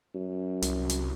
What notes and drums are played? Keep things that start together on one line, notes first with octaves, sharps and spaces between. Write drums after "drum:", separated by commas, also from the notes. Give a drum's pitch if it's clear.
F#2
C2, drum: hi-hat
drum: hi-hat